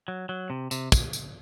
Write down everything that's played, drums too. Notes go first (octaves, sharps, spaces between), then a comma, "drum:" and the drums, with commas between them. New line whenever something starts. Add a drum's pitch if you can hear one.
F#3
F#3
C3
C3, drum: tambourine
drum: kick, tambourine
drum: tambourine